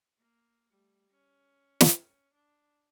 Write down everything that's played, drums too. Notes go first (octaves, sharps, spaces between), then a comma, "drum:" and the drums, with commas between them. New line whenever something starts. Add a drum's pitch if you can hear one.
A#3
G3 A3
C#4
drum: snare
D4